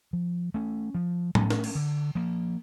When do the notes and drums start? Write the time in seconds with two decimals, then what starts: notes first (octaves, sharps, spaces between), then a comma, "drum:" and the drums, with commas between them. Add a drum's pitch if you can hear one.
0.13 F3
0.54 A3 C#4
0.95 F3
1.35 A3 C#4, drum: tom A2
1.50 drum: snare
1.64 drum: cymbal
1.75 D3
2.15 F3 A#3